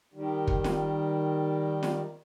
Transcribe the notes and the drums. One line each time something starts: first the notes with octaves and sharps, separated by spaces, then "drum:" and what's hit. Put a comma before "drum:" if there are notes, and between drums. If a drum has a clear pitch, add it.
D#3 G3
drum: kick
drum: snare
drum: snare